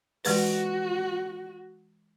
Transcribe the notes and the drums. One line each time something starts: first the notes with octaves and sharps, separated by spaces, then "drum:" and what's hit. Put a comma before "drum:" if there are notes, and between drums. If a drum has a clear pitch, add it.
E3 G#3 F#4 B4, drum: open hi-hat